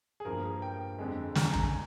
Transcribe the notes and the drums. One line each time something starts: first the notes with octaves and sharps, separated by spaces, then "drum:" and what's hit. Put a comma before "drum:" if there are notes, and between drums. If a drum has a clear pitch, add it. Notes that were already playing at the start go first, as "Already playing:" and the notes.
G#4
G2 F3 A#3 A#4
G5
F2 D3 G#3
A#5, drum: snare
G#5
A#5, drum: kick
G#5